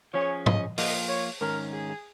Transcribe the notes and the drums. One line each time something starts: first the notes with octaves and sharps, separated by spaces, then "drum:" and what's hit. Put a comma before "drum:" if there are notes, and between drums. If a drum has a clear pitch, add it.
F3 C#4 G#4 C#5
D#5, drum: tom G#2
F3 A#3 F4 D#5, drum: open hi-hat
C#5
G#2 D#3 C#4 A#4
G#4